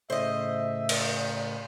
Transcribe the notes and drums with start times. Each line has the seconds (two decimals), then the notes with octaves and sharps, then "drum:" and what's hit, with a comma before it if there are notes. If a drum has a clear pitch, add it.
0.10 A2 C#3 A3 C5 D#5 E5
0.89 drum: cymbal